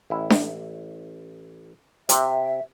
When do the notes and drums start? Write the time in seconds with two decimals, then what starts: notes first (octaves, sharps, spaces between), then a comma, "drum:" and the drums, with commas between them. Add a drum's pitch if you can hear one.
0.10 A1 E4
0.30 drum: snare D4
2.09 C3 C4 E5, drum: hi-hat